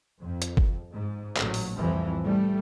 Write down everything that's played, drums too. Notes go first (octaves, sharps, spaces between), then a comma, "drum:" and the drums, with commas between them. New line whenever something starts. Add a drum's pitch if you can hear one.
F2
drum: hi-hat
drum: kick G1
G#2
A1 A#2 F#3, drum: clap
drum: open hi-hat
C2 F2 A2 C3 E3 F3
G3 A3